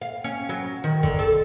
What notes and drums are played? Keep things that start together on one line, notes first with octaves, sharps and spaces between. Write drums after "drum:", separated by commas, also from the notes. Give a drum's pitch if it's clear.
F5
C#4
F#3
D#3
D3, drum: kick
A4